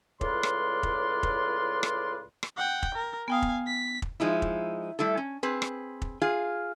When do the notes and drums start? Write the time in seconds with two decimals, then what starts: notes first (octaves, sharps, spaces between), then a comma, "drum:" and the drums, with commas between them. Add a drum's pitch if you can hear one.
0.21 C#2 A2 F4 B4 D5 C6, drum: kick
0.43 drum: rim click
0.83 drum: kick
1.23 drum: kick
1.83 drum: rim click
2.43 drum: rim click
2.57 F#5 G5
2.83 drum: kick
2.95 A#4
3.28 B3 F5 G5 G#5 D#6
3.42 drum: kick
3.67 B6
4.02 drum: kick
4.20 F3 G#3 D#4 E4
4.42 drum: kick
4.99 G3 A3 E4 A4
5.17 C#4
5.43 C4 G#4 B4
5.62 drum: rim click
6.02 drum: kick
6.22 F4 G#4 F5